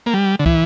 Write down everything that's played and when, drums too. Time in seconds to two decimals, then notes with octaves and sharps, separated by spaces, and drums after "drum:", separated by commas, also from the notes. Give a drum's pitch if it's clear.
0.06 A#3
0.14 G3
0.39 D3
0.46 E3, drum: kick